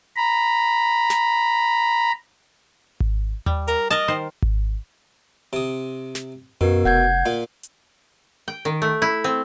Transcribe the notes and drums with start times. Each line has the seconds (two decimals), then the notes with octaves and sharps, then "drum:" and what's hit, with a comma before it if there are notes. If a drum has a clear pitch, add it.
0.16 A#5 B5
1.10 drum: snare
3.00 drum: kick G#1
3.46 G3, drum: tom D#2
3.68 A#4, drum: hi-hat
3.90 A#4 D#5 A5, drum: hi-hat
4.08 D#3 C5
4.42 drum: kick G#1
5.53 C3 D#6
6.15 drum: snare
6.61 F#2 B2 B3 A#4
6.85 F1 F#5 G6 G#6
7.26 A#2 F5
7.63 drum: hi-hat
8.48 G5
8.65 D#3
8.82 A3
9.02 E4
9.24 C4